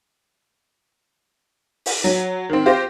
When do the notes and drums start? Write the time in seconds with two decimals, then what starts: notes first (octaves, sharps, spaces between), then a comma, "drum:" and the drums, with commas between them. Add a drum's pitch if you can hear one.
1.86 drum: open hi-hat
2.04 F#3
2.49 D#3 C4
2.66 F4 G4 C5 A#6